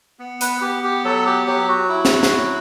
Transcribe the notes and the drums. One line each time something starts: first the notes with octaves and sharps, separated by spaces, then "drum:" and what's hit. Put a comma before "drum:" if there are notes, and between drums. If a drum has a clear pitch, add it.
B3
B4, drum: hi-hat
B3 G4
G4
F#3 A4
G4
F#3 G4
F#4
E4
drum: snare
drum: snare
F#3